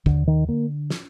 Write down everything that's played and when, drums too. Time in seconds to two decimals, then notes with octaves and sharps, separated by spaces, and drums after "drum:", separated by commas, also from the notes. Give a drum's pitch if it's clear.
0.06 D#2 D3, drum: kick
0.27 D#3
0.48 D3 A#3
0.90 drum: snare